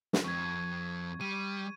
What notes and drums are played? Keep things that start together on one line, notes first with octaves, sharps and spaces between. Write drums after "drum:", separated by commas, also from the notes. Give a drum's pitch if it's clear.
drum: snare
F2 C4 C#6 G#6
G3 D#7